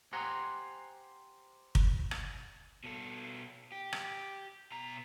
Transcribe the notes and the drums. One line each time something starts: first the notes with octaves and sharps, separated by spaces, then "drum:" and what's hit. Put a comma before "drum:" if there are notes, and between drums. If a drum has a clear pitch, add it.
G4 C5 F#5 G#5 A#5
drum: kick
drum: rim click
B2 A4
G4
drum: rim click
B2 A#5